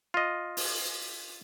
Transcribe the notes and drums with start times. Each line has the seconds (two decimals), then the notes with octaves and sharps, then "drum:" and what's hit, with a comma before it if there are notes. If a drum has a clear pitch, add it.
0.14 F4 D#5
0.57 drum: open hi-hat